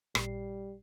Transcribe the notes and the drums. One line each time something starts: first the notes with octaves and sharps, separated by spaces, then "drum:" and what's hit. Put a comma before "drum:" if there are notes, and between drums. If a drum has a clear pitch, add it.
A1 A#2 G3 C7, drum: rim click